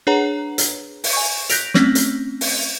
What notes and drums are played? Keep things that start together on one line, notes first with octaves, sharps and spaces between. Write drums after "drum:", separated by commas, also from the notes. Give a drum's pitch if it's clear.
D4 G#4 B4 C#5 F#5 A#5
drum: hi-hat
drum: open hi-hat
G#5 C#6
F#6 G6 A#6 B6 D7 F7, drum: hi-hat
A3 C4 C#4, drum: snare
drum: hi-hat
drum: open hi-hat